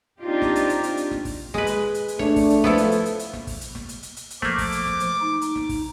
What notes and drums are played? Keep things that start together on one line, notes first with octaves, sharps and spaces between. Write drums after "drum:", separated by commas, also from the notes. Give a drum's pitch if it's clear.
C4 D4 D#4 F4 G4
drum: snare
drum: hi-hat
drum: hi-hat
drum: hi-hat
drum: hi-hat
drum: snare
drum: kick, open hi-hat
G#3 B4, drum: snare
drum: hi-hat
drum: hi-hat
drum: hi-hat
A3 D4 C#5, drum: snare
drum: kick, open hi-hat
drum: hi-hat
F3 B3 E4 A4, drum: snare
drum: hi-hat
drum: hi-hat
drum: hi-hat
drum: hi-hat
drum: snare
drum: kick, open hi-hat
drum: hi-hat
drum: snare
drum: hi-hat
drum: hi-hat
drum: hi-hat
drum: hi-hat
F3 A3 A#3 D6, drum: snare
drum: kick, open hi-hat
drum: hi-hat
drum: snare
drum: hi-hat
D#4
drum: hi-hat
drum: snare
drum: kick, open hi-hat